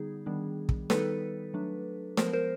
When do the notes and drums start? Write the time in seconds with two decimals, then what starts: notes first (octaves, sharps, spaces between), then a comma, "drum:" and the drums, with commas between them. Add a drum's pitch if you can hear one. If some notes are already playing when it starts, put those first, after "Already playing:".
Already playing: D3 G3 B3 D#4 G#4
0.26 D#3 G3 B3 D4
0.69 drum: kick
0.90 D#3 G3 B3 D#4 A4 B4, drum: snare
1.54 F#3 A3 D4
2.17 F3 G#3 B3 A#4 C5, drum: snare
2.33 A#4 C5